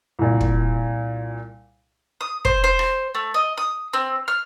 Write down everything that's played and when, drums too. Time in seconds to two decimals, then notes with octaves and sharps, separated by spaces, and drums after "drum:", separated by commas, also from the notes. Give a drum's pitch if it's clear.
0.19 C2 A#2
0.41 drum: kick
2.21 D#6
2.45 C5, drum: kick
2.64 C5
2.79 drum: rim click
3.15 A3
3.34 D#5
3.58 D#6
3.93 C4
4.28 F6